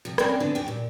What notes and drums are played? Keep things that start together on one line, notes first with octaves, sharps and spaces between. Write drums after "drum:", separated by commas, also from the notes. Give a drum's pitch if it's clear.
C3 F3
C4 C#4 A#4 C#5 D5 G5, drum: rim click
D3 F3 B3 C4 D4
D#2 C#4 D4 G4 G5
A#2